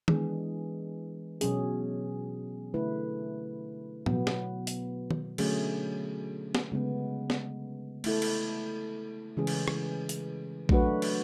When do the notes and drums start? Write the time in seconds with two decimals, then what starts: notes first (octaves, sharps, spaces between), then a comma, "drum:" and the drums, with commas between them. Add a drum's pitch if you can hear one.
0.08 E3 G#3 B3 D4 G#4, drum: tom D#3
1.41 B2 F#3 C#4 G#4, drum: hi-hat
2.74 D3 A3 E4 B4
4.06 B2 F#3 B3, drum: tom
4.27 drum: snare
4.67 drum: hi-hat
5.11 drum: tom
5.38 D3 F#3 A3 C#4 G#4, drum: cymbal
6.55 drum: snare
6.72 C#3 G#3 B3
7.30 drum: snare
8.04 A3 E4 A4, drum: cymbal
8.22 drum: cymbal
9.37 C#3 E3 G#3 C#4 G#4
9.47 drum: cymbal
9.68 drum: rim click
10.09 drum: hi-hat
10.69 F#3 A3 D4 F#4 B4, drum: kick A#1
11.02 drum: cymbal